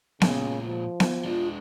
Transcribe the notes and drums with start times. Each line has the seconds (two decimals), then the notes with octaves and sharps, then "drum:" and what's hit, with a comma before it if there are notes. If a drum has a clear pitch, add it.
0.22 A#2 C#3 G#3, drum: snare B3
0.66 F3
1.00 drum: snare B3
1.25 G#3 D4 F4